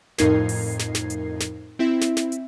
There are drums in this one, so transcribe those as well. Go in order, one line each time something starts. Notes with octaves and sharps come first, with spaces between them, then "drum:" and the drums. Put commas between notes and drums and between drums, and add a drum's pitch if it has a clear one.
F2 A2 D#4 A#4 G#6 C7, drum: snare
drum: open hi-hat
drum: snare
drum: snare
drum: hi-hat
drum: snare
C4 E4 E5
drum: snare
drum: snare
drum: hi-hat